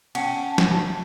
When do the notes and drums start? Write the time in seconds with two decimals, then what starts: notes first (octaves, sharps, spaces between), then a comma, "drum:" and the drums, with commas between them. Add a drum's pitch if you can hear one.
0.15 C#4 F#5 G5 A5, drum: cymbal
0.58 drum: snare